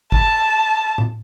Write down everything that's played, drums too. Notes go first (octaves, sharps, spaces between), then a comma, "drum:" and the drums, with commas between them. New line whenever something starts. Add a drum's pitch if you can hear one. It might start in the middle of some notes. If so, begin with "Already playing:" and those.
A5, drum: kick
drum: tom A2